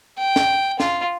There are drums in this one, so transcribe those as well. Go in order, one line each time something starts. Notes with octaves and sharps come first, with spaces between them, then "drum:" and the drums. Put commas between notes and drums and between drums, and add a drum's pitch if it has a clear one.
G5
drum: snare
F4, drum: snare